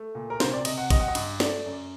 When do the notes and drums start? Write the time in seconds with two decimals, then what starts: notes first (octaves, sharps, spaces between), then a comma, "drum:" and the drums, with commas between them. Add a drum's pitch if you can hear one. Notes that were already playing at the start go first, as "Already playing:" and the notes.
Already playing: A3
0.15 A#2
0.30 A#4
0.40 C3 C5, drum: snare
0.53 D5
0.65 C3 D#5, drum: cymbal
0.78 F#5
0.90 G3 D#5, drum: kick, cymbal
1.00 F#5
1.08 D#5
1.15 G2, drum: cymbal
1.40 A3 D5, drum: snare
1.66 F#2